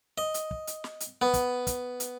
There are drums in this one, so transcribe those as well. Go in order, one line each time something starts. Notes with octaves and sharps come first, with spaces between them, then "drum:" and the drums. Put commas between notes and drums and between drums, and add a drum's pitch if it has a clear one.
D#5
drum: hi-hat
drum: kick
drum: hi-hat
drum: snare
drum: hi-hat
B3
drum: kick, hi-hat
drum: kick, hi-hat
drum: hi-hat